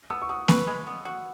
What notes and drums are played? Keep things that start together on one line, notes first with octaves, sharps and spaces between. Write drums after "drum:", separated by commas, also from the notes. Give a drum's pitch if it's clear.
B3 E6
C#6
F#4 D#6
B4 C#6, drum: snare A#3
G#3 B5
B3
F#4